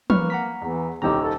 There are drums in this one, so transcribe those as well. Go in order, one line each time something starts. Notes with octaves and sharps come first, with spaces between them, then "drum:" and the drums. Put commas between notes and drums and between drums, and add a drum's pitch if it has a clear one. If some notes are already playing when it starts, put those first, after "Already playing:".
A#3 B4 C#6 F6, drum: tom
F#5 A#5 B6
E2 E3
D#1 C2 D#3 G4 A#5 E6
A4